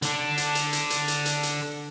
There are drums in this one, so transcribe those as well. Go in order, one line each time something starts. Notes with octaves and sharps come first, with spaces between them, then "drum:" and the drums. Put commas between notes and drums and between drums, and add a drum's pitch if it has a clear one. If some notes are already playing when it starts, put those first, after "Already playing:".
D3 D4, drum: hi-hat
drum: hi-hat
drum: hi-hat
drum: hi-hat
drum: hi-hat
drum: hi-hat
drum: hi-hat
drum: hi-hat